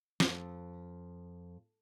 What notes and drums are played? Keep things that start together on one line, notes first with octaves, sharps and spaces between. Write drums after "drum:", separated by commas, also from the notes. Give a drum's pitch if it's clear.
F2 G#2, drum: snare